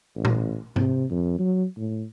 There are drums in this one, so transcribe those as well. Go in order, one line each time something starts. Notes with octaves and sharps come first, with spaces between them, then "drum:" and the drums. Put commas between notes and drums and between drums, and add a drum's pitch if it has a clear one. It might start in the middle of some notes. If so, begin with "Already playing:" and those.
A1
drum: tom A#2
C3, drum: tom G#2
F2
F#3
A2